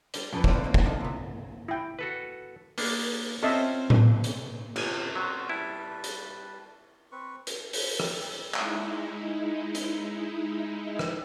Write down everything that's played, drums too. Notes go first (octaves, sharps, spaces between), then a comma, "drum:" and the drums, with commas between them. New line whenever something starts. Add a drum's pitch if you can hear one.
G3 D4, drum: hi-hat
F2 C#4 D4 A4 B4
D3 A3 C4 F4 B4 D5, drum: kick
B2 A#3
drum: kick
F3 D4 D#4
C3 B3
E4 G5
F#4 A4 B4
A#3 B3 D4, drum: open hi-hat
C4 C#4 F4 A4 C5 D#5 E5
drum: tom A2
drum: hi-hat
G1 G#5, drum: cymbal
F#3 C4 F#4
G3 E4 B4 A5
drum: hi-hat
C4 B4 C#6
drum: hi-hat
drum: open hi-hat
drum: rim click
G#3 D#4 E4, drum: clap
drum: hi-hat
drum: rim click